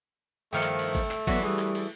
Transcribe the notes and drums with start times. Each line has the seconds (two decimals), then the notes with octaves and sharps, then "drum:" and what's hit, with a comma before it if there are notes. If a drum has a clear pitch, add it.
0.53 G2 D#3 F3 A3 G5 F6 C#7
0.63 drum: clap
0.79 drum: cymbal
0.95 drum: kick, cymbal
1.11 drum: clap
1.27 E3 F#3 B3 F#4 D5 B6, drum: kick, cymbal
1.43 G3 G#4 D#6
1.59 drum: clap
1.75 drum: cymbal